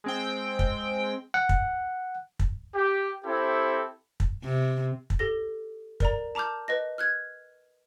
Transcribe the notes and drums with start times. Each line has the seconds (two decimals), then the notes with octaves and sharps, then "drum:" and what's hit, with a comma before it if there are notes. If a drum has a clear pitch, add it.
0.04 G#3 C4 G5
0.59 drum: kick
1.34 F#5
1.49 drum: kick
2.39 drum: kick
2.75 G4
3.24 C4 E4 G4 A4
4.20 drum: kick
4.44 C3
5.10 drum: kick
5.19 G4 A4 A#6
6.00 A#4 D5 A#5, drum: kick
6.35 A5 A#5 D6 F6 G6
6.68 B4 D#5 A#6
6.98 F6 F#6 G#6